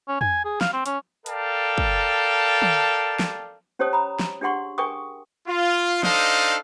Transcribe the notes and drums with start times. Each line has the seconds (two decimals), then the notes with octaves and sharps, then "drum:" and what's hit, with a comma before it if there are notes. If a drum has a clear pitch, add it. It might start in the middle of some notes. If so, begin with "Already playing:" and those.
0.08 C#4
0.21 G#5, drum: tom
0.45 G#4
0.61 F5, drum: snare
0.73 C4
0.86 C#4, drum: hi-hat
1.26 A4 A#4 D5 F5 G5 A5, drum: hi-hat
1.78 drum: kick
2.62 drum: tom
3.19 drum: snare
3.79 C#4 G4 C5 C#5 A5 D#6
3.93 A#5 B5 D#6
4.19 drum: snare
4.41 D4 G4 G#4 F#5 C6 C#6
4.78 G#4 A#4 G5 G#5 C#6 D#6
5.48 F4
6.03 D4 D#4 A4 C5 D#5 F5, drum: snare